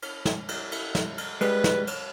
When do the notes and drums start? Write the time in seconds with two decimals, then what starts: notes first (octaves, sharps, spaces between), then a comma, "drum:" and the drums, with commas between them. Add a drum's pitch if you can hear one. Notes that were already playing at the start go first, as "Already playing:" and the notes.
0.02 drum: cymbal
0.25 drum: snare
0.49 drum: cymbal
0.72 drum: cymbal
0.95 drum: snare
1.18 drum: cymbal
1.41 G3 G#3 B4, drum: cymbal
1.64 drum: snare
1.87 drum: cymbal